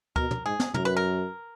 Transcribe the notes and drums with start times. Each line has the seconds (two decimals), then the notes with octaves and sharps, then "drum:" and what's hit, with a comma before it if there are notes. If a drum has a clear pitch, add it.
0.16 B2 A#4, drum: kick D2
0.31 drum: tom
0.46 G#2 G#4
0.60 drum: snare
0.74 F#2 A#4, drum: tom
0.85 B4
0.97 A#4